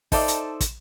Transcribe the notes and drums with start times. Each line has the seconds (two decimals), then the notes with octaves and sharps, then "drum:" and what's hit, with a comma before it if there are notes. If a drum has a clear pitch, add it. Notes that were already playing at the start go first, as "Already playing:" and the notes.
0.12 D#4 A4 C5 D5 E5, drum: kick, open hi-hat
0.28 drum: hi-hat
0.60 drum: kick, hi-hat